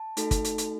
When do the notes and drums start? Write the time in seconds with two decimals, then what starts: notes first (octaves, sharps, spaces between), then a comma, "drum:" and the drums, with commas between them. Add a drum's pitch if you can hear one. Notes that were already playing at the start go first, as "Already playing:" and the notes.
Already playing: A5
0.17 A3 D#4 F#4 A4, drum: hi-hat
0.31 drum: kick, hi-hat
0.44 drum: hi-hat
0.58 drum: hi-hat